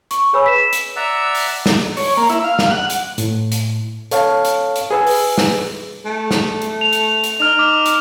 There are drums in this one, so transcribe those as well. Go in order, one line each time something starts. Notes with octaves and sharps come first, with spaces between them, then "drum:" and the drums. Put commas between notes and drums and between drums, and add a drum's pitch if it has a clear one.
C#6, drum: hi-hat
G#4 B4 C#5 G#5 B5 E6
B6 E7
drum: hi-hat
D5 E5 F#5 A#5 E6
drum: open hi-hat
drum: snare
C#5, drum: open hi-hat
A#3
E4, drum: hi-hat
F5
drum: snare
F#5
drum: hi-hat
A2, drum: hi-hat
drum: hi-hat
A4 C#5 F5 A5, drum: hi-hat
drum: hi-hat
drum: hi-hat
G#4 B4 E6
drum: open hi-hat
drum: snare
A3
drum: snare
drum: hi-hat
F7
drum: hi-hat
drum: hi-hat
D#4 F6 F7
D6
drum: hi-hat